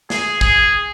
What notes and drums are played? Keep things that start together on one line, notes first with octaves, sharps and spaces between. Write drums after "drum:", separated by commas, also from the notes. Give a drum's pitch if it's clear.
G#4, drum: snare
G#4, drum: kick